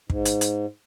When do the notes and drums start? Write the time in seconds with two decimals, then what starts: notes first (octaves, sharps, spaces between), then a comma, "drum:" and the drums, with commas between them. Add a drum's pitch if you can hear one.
0.10 G#2, drum: kick
0.25 drum: hi-hat
0.41 drum: hi-hat